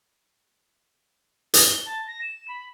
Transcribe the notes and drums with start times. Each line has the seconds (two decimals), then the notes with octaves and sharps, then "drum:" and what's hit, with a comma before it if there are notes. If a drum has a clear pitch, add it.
1.54 drum: hi-hat
1.70 G7
1.86 A5
2.07 A#6
2.21 E7
2.48 B5